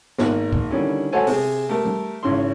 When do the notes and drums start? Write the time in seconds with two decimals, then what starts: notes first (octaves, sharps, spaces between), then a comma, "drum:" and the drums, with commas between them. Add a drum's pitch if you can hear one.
0.18 G#1 A#3 D#4 F#6, drum: snare
0.53 drum: kick
0.70 D3 D#3 G3 C#4 E4
1.12 A3 F#4 A4 C5 C#5 G#5
1.27 C3 G#4, drum: open hi-hat
1.69 A3 G4 A4 A#4
1.85 drum: tom G3
2.23 G#1 C#3 C#4 E4 C6